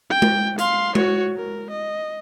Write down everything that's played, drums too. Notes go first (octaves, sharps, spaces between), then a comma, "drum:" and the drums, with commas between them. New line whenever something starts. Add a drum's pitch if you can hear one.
G5
drum: tom G#3
F5 C6, drum: hi-hat
F#4 C#5, drum: tom G#3
A#4
D#5